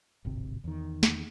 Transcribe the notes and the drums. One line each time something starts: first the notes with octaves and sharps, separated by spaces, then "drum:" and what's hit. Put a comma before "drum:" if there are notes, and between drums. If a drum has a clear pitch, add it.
D1 G#1 C3
E2 D#3
drum: snare